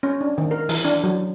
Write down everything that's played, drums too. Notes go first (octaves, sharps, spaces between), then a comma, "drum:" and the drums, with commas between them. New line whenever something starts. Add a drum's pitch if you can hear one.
C#4
D4
D#3
A#4
E3, drum: open hi-hat
D4
F#3